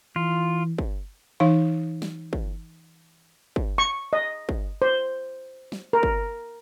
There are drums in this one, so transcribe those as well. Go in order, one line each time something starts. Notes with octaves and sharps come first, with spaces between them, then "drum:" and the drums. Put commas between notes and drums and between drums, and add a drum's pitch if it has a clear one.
E3 F4
drum: kick
E3 D#4 F5
drum: snare
drum: kick
drum: kick
C#6
D#5
drum: kick
C5
drum: snare
A#4
drum: kick